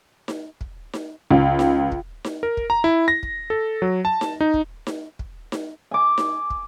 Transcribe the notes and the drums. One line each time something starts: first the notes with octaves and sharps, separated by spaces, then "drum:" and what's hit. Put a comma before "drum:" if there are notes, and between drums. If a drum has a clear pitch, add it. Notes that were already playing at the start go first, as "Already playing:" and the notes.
drum: snare D#4
drum: kick
drum: snare D#4
C#2
drum: snare D#4
drum: kick
drum: snare D#4
A#4
drum: kick
A#5
E4
A#6
drum: kick
A4
F#3
A5
drum: snare D#4
D#4
drum: kick
drum: snare D#4
drum: kick
drum: snare D#4
G#5 D6
drum: snare D#4
drum: kick